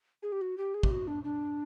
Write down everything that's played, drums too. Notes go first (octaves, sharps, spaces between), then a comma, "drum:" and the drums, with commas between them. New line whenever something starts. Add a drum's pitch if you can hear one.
G#4
G4
F#4
G4
G#4
G4, drum: kick
F#4
D4
D4